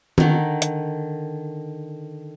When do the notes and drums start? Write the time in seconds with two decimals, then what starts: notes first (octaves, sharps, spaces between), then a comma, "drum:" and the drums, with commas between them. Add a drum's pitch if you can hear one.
0.18 D3 D#3, drum: tom D#3
0.62 drum: hi-hat